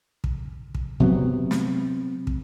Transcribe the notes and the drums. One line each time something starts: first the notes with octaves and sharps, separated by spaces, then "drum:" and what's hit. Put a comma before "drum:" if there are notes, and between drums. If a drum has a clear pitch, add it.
drum: kick
drum: kick
C3 F#3 B3
drum: snare
drum: kick